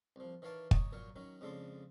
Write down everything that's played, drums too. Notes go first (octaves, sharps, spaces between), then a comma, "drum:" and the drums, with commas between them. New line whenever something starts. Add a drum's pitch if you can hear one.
C2 F3
D#3 E3 C#5 F5 A5 D6
C#5 D#5 A#5, drum: kick
A#2 F#3 A#4 C#5
D#3 F#3 C#4
F2 C#3 G#3 D4 A4 C6